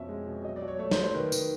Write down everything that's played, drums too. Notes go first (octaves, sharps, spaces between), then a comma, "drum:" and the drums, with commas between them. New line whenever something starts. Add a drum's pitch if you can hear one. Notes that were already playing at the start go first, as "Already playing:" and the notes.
Already playing: F2 B2 C#4 E5
G#3
B2
F#3 D#5
D5
F#3
C#5
A3 C#5
C5, drum: snare
F#3
C5
D#3 B4
D#3, drum: tambourine